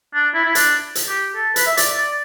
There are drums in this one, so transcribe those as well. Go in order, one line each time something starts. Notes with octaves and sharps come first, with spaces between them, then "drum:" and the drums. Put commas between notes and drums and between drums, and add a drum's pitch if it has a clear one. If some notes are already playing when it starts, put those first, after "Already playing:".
D4
E4
E4
D4, drum: hi-hat
drum: hi-hat
G4
A4
B4, drum: hi-hat
E5
D5, drum: hi-hat
D5